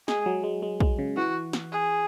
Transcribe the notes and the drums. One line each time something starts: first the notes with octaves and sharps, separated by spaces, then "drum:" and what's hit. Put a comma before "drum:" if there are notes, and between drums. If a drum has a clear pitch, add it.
G#3 G#4, drum: snare
F#3
G#3
G#3
G#3, drum: kick
C#3
E3 F#4
drum: snare
G#4